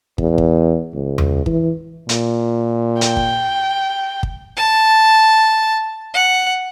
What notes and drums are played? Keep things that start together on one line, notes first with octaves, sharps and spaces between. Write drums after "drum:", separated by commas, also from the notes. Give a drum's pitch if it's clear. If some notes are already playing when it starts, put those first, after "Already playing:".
E2, drum: kick
drum: kick
C#2
drum: tom E2
E3, drum: kick
A#2, drum: hi-hat
G5, drum: hi-hat
drum: kick
drum: kick
A5
F#5